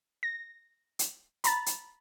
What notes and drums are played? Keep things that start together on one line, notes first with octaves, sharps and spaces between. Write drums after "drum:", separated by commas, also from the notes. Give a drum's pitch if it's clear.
A#6
drum: hi-hat
A#5 B5 A6, drum: hi-hat
drum: hi-hat